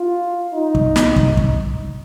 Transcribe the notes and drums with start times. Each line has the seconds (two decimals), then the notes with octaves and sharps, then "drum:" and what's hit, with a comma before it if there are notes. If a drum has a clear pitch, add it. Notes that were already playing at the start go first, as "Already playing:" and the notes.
Already playing: F4
0.54 D#4
0.75 drum: kick
0.96 drum: snare
1.16 drum: kick
1.37 drum: kick